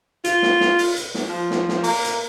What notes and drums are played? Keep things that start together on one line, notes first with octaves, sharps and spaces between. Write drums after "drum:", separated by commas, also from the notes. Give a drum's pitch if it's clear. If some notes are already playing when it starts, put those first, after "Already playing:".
F4, drum: hi-hat
drum: snare
drum: snare
drum: open hi-hat
drum: hi-hat
drum: snare
F3
drum: snare
drum: snare
A#3, drum: open hi-hat
drum: hi-hat